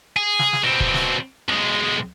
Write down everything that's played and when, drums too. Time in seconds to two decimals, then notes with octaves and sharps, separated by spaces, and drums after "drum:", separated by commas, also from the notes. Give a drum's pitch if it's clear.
0.16 G#4
0.39 drum: snare
0.53 drum: snare
0.64 B2 C4
0.80 drum: kick
0.94 drum: snare
1.49 B1 G#3